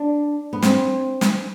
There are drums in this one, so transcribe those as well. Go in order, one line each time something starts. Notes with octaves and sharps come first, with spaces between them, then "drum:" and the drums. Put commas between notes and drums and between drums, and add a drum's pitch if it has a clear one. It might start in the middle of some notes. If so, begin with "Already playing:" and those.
Already playing: D4
B3
C4, drum: snare
drum: snare